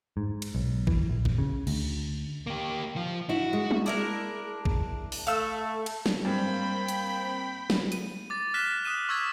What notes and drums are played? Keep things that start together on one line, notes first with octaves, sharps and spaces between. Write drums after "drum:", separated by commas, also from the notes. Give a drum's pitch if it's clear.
G#2
drum: cymbal
B1
E3, drum: kick
A#1
drum: kick
C#3
D2, drum: cymbal
A#3 G4
F3 F4
E4 F#4
G#3
drum: tom G3
D4 E4 G#4 A#4
drum: kick
drum: open hi-hat
A3 A4 F5 E6
drum: cymbal
drum: snare
G2 A#3 C4 G5 B5
drum: hi-hat
drum: snare
D#7, drum: hi-hat
D6 A6
F6 F#6 B6 E7 G7
D#6 F#6 D#7 E7
C#6 E6 G#6 A6 B6